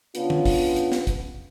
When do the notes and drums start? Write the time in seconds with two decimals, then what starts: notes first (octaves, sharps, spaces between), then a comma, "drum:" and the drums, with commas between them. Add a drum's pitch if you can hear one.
0.15 C#3 B3 C#4 D4 F4, drum: hi-hat
0.30 drum: tom D3
0.45 drum: kick, open hi-hat
0.76 drum: hi-hat
0.92 drum: snare
1.07 drum: kick, hi-hat